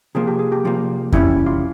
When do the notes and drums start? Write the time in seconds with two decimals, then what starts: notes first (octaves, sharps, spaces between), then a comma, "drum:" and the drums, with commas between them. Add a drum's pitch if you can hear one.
0.15 C3 F3 A#3 G#4
0.27 G4
0.39 G#4
0.52 G4
0.65 C3 F3 A#3
1.12 C3 E3 G3 C#4 E4, drum: kick F2
1.46 F4